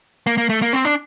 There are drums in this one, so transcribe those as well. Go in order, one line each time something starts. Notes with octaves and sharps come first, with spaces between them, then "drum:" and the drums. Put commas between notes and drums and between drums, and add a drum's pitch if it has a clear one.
A#3, drum: hi-hat
A#3
A3
A#3, drum: hi-hat
C4
D4